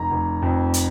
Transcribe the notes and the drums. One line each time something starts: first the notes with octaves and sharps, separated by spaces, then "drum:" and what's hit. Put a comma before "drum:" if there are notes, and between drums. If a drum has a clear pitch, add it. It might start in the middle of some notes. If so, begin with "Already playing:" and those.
Already playing: F1 A#5
F1
F2
drum: hi-hat